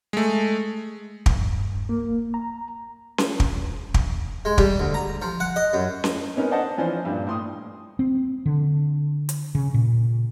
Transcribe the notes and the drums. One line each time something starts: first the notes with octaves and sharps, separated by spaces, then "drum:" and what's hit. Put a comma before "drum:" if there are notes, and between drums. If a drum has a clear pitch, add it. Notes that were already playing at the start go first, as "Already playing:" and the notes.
G#3 A3
G2, drum: kick
A#3
A#5
drum: snare C#4
drum: kick
drum: kick
G#3
G3, drum: kick
D2
A#5
F3
F#5
D#5
F#2
drum: snare C#4
B3 C#4 D#4 A#4
D4 C5 D5 D#5 F#5 A5
E3 F3 C#4 D4 C5
G2 A#2
A2 C6 D#6
C4
D3
drum: hi-hat
C#3
A#2